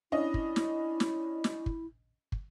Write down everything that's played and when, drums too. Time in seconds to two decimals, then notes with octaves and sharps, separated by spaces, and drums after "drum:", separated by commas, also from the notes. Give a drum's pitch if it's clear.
0.12 C#4 D4 E4 D#5
0.34 drum: kick
0.56 drum: snare
1.00 drum: snare
1.44 drum: snare
1.66 drum: kick
2.32 drum: kick